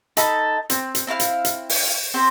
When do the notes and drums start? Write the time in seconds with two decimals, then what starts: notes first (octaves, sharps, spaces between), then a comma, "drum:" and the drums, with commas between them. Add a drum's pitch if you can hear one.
0.17 D#4 A4 B5, drum: hi-hat
0.70 C4, drum: hi-hat
0.95 drum: hi-hat
1.07 C4 E4 F5 F6
1.20 drum: hi-hat
1.45 drum: hi-hat
1.69 drum: open hi-hat
2.14 C4 G4 C5